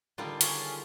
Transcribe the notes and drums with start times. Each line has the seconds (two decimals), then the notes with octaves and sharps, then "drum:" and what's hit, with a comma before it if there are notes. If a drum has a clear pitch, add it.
0.18 D3 D#3 G3 F4
0.41 C#4 F4 G#4, drum: hi-hat